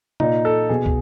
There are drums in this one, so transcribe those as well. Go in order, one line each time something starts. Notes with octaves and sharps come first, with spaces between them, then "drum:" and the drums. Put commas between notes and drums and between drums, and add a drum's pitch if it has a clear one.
A#2 D#4, drum: tom C3
A4
B2 G#4
drum: kick